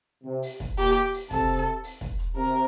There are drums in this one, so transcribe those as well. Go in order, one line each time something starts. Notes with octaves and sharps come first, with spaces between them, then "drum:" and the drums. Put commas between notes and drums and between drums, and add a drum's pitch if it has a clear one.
C3
drum: open hi-hat
drum: kick, hi-hat
A#2 G4, drum: hi-hat
drum: open hi-hat
C3 A4, drum: kick, hi-hat
drum: hi-hat
drum: open hi-hat
drum: kick, hi-hat
drum: hi-hat
C3 A#4